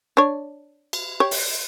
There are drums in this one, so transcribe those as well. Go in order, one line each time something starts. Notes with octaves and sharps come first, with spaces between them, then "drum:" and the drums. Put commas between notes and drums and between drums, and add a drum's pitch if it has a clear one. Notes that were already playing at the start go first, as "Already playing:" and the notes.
D4 C#5
drum: cymbal
G4 C#5
drum: open hi-hat